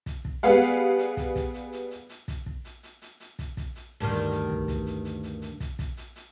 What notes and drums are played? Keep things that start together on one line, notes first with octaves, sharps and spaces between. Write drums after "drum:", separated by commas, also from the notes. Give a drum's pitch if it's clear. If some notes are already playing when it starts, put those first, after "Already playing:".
drum: kick, hi-hat
drum: kick
G3 B3 G#4 B4 F5 F#5, drum: hi-hat
drum: hi-hat
drum: hi-hat
drum: kick, hi-hat
drum: kick, hi-hat
drum: hi-hat
drum: hi-hat
drum: hi-hat
drum: hi-hat
drum: kick, hi-hat
drum: kick
drum: hi-hat
drum: hi-hat
drum: hi-hat
drum: hi-hat
drum: kick, hi-hat
drum: kick, hi-hat
drum: hi-hat
D2 G2 D#3
drum: hi-hat
drum: hi-hat
drum: kick
drum: kick, hi-hat
drum: hi-hat
drum: hi-hat
drum: hi-hat
drum: hi-hat
drum: kick, hi-hat
drum: kick, hi-hat
drum: hi-hat
drum: hi-hat